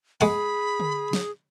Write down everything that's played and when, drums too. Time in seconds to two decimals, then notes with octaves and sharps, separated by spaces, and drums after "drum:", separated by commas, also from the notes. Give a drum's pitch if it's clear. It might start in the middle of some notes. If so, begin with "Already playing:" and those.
0.21 G#3 G#4 F#5 B5, drum: open hi-hat
0.80 drum: tom D3
1.13 drum: snare